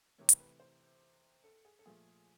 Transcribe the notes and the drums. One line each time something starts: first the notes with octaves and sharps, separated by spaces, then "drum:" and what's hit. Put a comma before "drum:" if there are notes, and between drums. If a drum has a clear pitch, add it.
C3 E3 A3 C#5
B4, drum: hi-hat
B4
C5
A4
G#4
A4
A#2 F3 A3 G#4